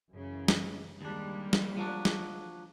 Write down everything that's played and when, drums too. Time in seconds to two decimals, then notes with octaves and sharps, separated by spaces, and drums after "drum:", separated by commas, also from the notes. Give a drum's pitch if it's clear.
0.12 F#2 C#3 E3
0.48 drum: snare
1.01 D#2 G3 G#3 A#3 D4
1.53 drum: snare
1.77 F3 F#3 D4
2.05 drum: snare